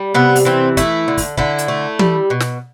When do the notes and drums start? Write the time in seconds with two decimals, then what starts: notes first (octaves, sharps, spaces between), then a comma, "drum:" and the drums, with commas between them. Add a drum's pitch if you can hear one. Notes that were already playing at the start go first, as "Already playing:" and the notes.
Already playing: G3
0.14 C3 B3
0.36 drum: open hi-hat
0.45 E3 C4
0.77 A3 E4, drum: kick, hi-hat
1.08 D3
1.18 drum: kick, open hi-hat
1.37 D3 E4, drum: kick
1.58 drum: hi-hat
1.68 A3
1.99 G3, drum: tom E3
2.30 B2
2.40 drum: snare